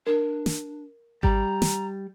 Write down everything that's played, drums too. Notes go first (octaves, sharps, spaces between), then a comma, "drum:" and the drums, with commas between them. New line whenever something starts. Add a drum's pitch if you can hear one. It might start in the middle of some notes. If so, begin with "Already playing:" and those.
D4 A#4
drum: snare
G3 A#5, drum: kick G#1
drum: snare